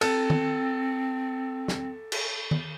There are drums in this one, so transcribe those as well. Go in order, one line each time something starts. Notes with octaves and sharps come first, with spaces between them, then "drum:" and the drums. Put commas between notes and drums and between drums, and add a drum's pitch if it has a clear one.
C4 A4, drum: cymbal
drum: tom D#3
drum: snare
drum: cymbal
drum: tom D#3